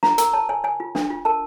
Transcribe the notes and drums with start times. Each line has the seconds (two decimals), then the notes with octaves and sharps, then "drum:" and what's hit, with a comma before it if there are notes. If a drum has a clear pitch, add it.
0.03 F4 A#5, drum: snare
0.18 A#4 A#5, drum: hi-hat
0.33 C#5 A5
0.49 C#5 G#5
0.64 C#5 G#5
0.80 F4
0.95 D4, drum: snare
1.10 F4
1.25 A#4 A5